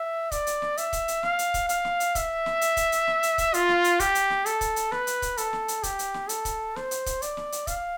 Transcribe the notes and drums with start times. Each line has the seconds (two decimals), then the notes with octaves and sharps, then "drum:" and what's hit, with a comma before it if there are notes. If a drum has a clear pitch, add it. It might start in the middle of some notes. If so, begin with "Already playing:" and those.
Already playing: E5
0.32 D5, drum: kick C#1, hi-hat
0.47 drum: hi-hat
0.62 drum: snare
0.77 E5, drum: hi-hat
0.93 drum: kick C#1, hi-hat
1.08 drum: hi-hat
1.23 F5, drum: snare
1.39 drum: hi-hat
1.54 drum: kick C#1, hi-hat
1.69 F5, drum: hi-hat
1.85 drum: snare
2.00 drum: hi-hat
2.15 E5, drum: kick C#1, hi-hat
2.46 drum: snare
2.61 drum: hi-hat
2.77 drum: kick C#1, hi-hat
2.92 drum: hi-hat
3.07 drum: snare
3.23 drum: hi-hat
3.38 drum: kick C#1, hi-hat
3.54 F4, drum: hi-hat
3.69 drum: snare
3.84 drum: hi-hat
4.00 G4, drum: kick C#1, hi-hat
4.15 drum: hi-hat
4.30 drum: snare
4.46 A4, drum: hi-hat
4.61 drum: kick C#1, hi-hat
4.76 drum: hi-hat
4.92 B4, drum: snare
5.07 drum: hi-hat
5.22 drum: kick C#1, hi-hat
5.37 A4, drum: hi-hat
5.53 drum: snare
5.68 drum: hi-hat
5.83 G4, drum: kick C#1, hi-hat
5.99 drum: hi-hat
6.14 drum: snare
6.29 A4, drum: hi-hat
6.45 drum: kick C#1, hi-hat
6.76 C5, drum: snare
6.91 drum: hi-hat
7.06 drum: kick C#1, hi-hat
7.22 D5, drum: hi-hat
7.37 drum: snare
7.52 drum: hi-hat
7.67 F5, drum: kick C#1, hi-hat